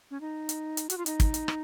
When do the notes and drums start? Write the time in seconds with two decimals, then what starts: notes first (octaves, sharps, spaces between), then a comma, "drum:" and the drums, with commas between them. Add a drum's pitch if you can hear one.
0.11 C#4
0.21 D#4
0.49 drum: hi-hat
0.77 drum: hi-hat
0.90 F#4, drum: hi-hat
0.98 F4
1.06 D#4, drum: hi-hat
1.20 drum: kick, hi-hat
1.34 drum: hi-hat
1.48 drum: rim click